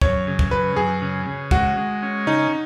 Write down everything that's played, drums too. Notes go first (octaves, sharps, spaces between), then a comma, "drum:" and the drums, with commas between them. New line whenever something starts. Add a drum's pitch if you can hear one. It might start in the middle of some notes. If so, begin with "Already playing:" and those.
F#2 C#5, drum: kick
C#3
drum: kick
F#2 B4
F#2 G#4
C#3
C#3
G#3 F#4, drum: kick
G#3
C#4
C#3 D#4